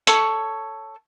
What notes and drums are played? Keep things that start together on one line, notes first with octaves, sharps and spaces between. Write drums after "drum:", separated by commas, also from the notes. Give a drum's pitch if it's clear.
A4 C#5 C#6, drum: hi-hat